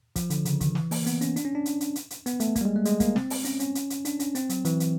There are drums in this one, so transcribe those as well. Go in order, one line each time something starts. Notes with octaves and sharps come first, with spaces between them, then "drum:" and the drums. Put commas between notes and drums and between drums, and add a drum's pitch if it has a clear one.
F3, drum: kick, hi-hat
D3, drum: hi-hat
C#3, drum: hi-hat
D#3, drum: kick, hi-hat
E3, drum: snare
A#3, drum: open hi-hat
B3, drum: hi-hat
C#4, drum: hi-hat
D4, drum: hi-hat
C#4
D4
drum: hi-hat
drum: hi-hat
drum: hi-hat
drum: hi-hat
B3, drum: hi-hat
A3, drum: hi-hat
A#3, drum: kick, hi-hat
G3
G#3
A3
G#3, drum: hi-hat
A#3, drum: kick, hi-hat
C4, drum: snare
drum: open hi-hat
C#4, drum: hi-hat
C#4, drum: hi-hat
drum: hi-hat
drum: hi-hat
D4, drum: hi-hat
C#4, drum: hi-hat
C4, drum: hi-hat
F#3, drum: hi-hat
E3, drum: hi-hat
drum: hi-hat